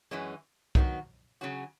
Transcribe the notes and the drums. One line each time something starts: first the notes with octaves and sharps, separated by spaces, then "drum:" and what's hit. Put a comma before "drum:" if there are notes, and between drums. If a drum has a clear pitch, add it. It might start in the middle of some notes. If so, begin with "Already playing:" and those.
F#2 E3 G#3 C#4
D#3 F#3 B3 D#4 F#4, drum: kick
C#3 F#3 C#4 F#4